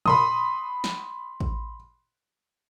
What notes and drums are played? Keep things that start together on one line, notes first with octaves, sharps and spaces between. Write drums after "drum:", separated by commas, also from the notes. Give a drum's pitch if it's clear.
B5 C6 D#6, drum: tom
drum: snare
drum: kick